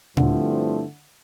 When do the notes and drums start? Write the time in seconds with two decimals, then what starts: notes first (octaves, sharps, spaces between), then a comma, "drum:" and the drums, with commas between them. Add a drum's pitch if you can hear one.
0.17 G2 D3 F3 A3 C4 E4, drum: tom A#2